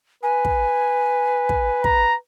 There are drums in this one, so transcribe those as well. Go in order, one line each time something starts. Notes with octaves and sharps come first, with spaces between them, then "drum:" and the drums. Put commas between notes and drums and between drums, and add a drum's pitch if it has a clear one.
B4 G#5
drum: kick
drum: kick
A#5, drum: kick